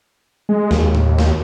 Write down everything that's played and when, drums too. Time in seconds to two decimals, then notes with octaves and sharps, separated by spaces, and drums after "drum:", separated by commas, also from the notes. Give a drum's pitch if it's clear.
0.49 G#3
0.71 D#2, drum: snare
0.95 drum: tom A2
1.19 drum: snare